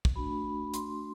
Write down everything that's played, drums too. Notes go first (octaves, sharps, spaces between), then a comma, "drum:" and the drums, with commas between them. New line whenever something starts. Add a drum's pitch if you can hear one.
drum: kick
A3 D4 F#4 B5
C6, drum: hi-hat